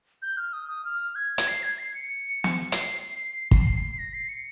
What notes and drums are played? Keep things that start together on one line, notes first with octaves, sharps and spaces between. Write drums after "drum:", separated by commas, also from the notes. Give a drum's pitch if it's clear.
G6
F6
D#6
D#6
F6
G#6
drum: hi-hat
C7
G#6
C7
C#7
drum: snare
C7, drum: hi-hat
drum: kick
A#6
C7
C#7